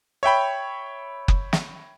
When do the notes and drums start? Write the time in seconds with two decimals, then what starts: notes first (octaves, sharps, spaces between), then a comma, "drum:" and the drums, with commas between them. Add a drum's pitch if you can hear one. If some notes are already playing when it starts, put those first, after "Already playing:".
0.23 C#5 E5 G5 B5
1.28 drum: kick F#1
1.53 drum: snare